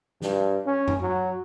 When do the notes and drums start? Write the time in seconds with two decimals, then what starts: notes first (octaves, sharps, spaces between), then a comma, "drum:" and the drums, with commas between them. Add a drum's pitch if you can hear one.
0.22 G2, drum: snare
0.66 C#4
0.88 drum: tom F#2
1.01 F#3